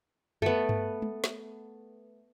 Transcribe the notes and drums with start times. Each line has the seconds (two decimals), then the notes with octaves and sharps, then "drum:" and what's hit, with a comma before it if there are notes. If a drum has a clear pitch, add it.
0.42 A3 B3, drum: tom F#2
0.69 drum: tom G2
1.02 drum: tom G#3
1.24 drum: snare